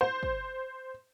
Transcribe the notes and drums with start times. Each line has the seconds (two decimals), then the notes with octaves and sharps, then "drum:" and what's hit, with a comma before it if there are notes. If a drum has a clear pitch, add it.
0.01 C5
0.23 drum: kick